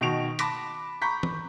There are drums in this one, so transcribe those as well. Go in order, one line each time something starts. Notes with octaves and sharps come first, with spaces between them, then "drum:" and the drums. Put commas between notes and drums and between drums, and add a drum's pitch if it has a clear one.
B2 D#3 F#4 C#6 D7 F7
A5 B5 D6 A#6 B6, drum: hi-hat
A#5 B5 C#6 G6 B6
drum: tom E3